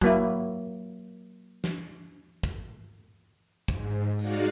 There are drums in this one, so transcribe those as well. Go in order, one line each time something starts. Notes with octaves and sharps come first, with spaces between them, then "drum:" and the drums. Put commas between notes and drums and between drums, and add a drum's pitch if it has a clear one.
F#3 A#3 E4, drum: kick
drum: snare
drum: kick
G#2, drum: kick
G#3 D#4 F#4 D5 F5, drum: open hi-hat